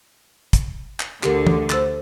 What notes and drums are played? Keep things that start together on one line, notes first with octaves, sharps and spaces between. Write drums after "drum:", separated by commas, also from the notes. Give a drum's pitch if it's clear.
drum: kick, hi-hat
drum: clap
D2 D3 G4 A#4, drum: clap
drum: tom
C5 E6 A6, drum: clap